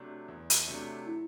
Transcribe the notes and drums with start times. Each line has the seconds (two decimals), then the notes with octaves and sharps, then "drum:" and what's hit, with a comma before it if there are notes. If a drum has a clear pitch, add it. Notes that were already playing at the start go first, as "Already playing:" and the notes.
Already playing: C3 F#3 A3 D4
0.28 E2
0.50 drum: hi-hat
0.67 C3 F#3 A3 D4
1.07 E4